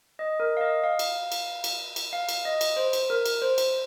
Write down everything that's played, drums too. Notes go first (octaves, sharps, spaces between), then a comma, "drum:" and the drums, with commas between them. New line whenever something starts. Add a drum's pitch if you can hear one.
D#5
A#4
F5
D#5
F5
drum: cymbal
drum: cymbal
drum: cymbal
drum: cymbal
F5
drum: cymbal
D#5
drum: cymbal
C5
drum: cymbal
A#4
drum: cymbal
C5
drum: cymbal